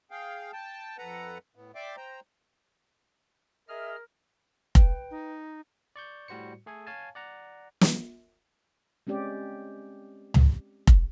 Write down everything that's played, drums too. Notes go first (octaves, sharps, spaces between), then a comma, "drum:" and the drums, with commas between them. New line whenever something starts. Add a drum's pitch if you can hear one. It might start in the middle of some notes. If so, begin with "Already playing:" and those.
G#4 F5 G5
G5 A5
F2 A4 B4 F#5 A#5
A2 B3
D5 E5 G5 C6 D6
C5 G5 A#5
G#4 A#4 D#5 E5 F6
B4 G5, drum: kick F1
D#4
D5 C#6 G6
A2 G3 F#4 C5 C#7
A3 G#4 A4 G#5
C#5 F5 G#5 A5
D5 F#5 A#5
drum: snare
G#3 C4 C#4 G4 D5
drum: tom C#2
drum: kick F1